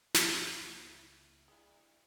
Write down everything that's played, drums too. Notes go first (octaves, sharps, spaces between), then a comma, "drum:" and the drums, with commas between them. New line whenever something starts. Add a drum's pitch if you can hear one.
F1 D3 F3 A4 C5 B5, drum: snare
C#2 A#3 G#4
E4
G2 E4 G#4